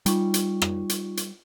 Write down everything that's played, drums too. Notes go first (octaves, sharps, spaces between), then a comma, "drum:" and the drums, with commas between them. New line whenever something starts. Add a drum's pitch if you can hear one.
G3 D#4 F4 C#6, drum: hi-hat
drum: hi-hat
drum: rim click
drum: hi-hat
drum: hi-hat